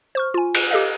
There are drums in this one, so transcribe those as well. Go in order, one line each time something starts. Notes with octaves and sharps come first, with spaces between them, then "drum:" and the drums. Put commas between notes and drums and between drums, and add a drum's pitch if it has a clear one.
C5 C#6 F6
F4 G#5
drum: cymbal
G4 A4 D#5 F5